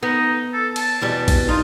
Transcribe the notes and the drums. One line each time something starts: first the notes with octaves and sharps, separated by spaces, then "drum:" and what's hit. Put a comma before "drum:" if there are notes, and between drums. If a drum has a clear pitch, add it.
B3 D#4
A4
A5, drum: cymbal
E2 B2 G3
drum: kick A1, cymbal
D#4 F4